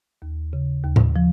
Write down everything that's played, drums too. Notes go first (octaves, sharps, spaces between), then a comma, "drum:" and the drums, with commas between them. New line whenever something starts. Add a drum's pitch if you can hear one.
D#2
C#3
D#2
drum: tom A2
F3